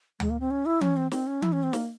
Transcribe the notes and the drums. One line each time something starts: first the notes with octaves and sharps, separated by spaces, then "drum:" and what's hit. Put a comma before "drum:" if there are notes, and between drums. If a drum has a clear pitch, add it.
G#3, drum: tom D2
A#3
C4
C#4
E4
C#4, drum: tom E3
C4
C4, drum: snare
C#4
E4, drum: tom E3
C#4
C4
A#3, drum: snare